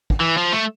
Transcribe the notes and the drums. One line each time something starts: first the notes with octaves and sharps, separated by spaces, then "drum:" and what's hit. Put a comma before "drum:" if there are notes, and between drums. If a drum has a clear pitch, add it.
drum: kick
E3
F3
A3